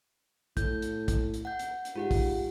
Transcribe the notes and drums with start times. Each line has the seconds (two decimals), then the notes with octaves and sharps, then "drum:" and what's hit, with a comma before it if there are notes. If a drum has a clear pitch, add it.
0.57 A2 G6, drum: kick, hi-hat
0.82 drum: hi-hat
1.08 drum: kick, hi-hat
1.34 drum: hi-hat
1.45 F#5 G6
1.59 drum: hi-hat
1.85 drum: hi-hat
1.96 G#2 F4 G4 F#5
2.11 drum: kick, open hi-hat